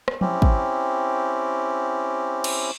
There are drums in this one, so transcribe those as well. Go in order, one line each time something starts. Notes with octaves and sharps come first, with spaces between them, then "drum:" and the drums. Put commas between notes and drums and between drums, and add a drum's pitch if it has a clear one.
drum: rim click
C4 C#4 E4 G4, drum: tom F3
drum: kick
drum: cymbal